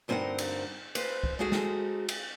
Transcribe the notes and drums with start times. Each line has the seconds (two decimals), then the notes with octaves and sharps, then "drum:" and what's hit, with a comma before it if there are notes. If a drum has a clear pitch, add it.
0.08 D2 G2 C4 D#4 A#4 F#5
0.38 drum: cymbal
0.95 B4 C5, drum: cymbal
1.24 drum: kick
1.39 G#3 C4 D#4 F#4 G#4 A4
1.52 drum: snare
2.09 drum: cymbal